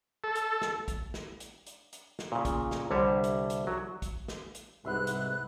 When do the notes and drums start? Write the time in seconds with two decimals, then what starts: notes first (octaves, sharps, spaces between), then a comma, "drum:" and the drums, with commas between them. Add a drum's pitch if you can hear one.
0.24 A4
0.35 drum: hi-hat
0.62 drum: snare
0.88 drum: kick, hi-hat
1.14 drum: snare
1.40 drum: hi-hat
1.66 drum: hi-hat
1.93 drum: hi-hat
2.19 drum: snare
2.32 A#2 C#3
2.45 drum: kick, hi-hat
2.71 drum: snare
2.91 C2 D3 G3 C#5 E5
3.24 drum: hi-hat
3.50 drum: hi-hat
3.67 F#3
4.02 drum: kick, hi-hat
4.28 drum: snare
4.55 drum: hi-hat
4.85 C2 G#2 B3 E5 C6 F#6
5.07 drum: hi-hat